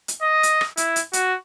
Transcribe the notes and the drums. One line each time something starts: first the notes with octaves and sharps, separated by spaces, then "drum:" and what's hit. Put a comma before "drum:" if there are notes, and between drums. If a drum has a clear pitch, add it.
drum: hi-hat
D#5
drum: hi-hat
drum: rim click
E4, drum: hi-hat
drum: hi-hat
F#4, drum: hi-hat